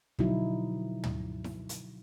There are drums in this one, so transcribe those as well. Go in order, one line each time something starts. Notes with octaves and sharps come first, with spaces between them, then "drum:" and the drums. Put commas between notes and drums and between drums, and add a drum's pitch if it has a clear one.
B2 D3 F3 F#3 D#4 E4, drum: kick
drum: tom
drum: snare E4
drum: hi-hat